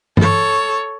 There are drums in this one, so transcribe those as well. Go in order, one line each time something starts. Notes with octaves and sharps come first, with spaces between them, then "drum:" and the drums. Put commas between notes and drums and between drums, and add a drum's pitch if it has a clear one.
A4 C#5, drum: tom G2